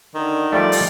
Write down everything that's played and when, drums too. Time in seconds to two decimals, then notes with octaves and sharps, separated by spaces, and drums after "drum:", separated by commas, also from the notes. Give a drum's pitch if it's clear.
0.15 D3 D#3
0.52 F3 G3 A3 D5
0.72 drum: open hi-hat